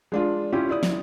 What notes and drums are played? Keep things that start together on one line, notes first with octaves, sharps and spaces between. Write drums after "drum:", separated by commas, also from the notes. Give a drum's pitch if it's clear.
G#3 D4 F4
C#4 E4 F4 G4
E4 D5 D#6
drum: snare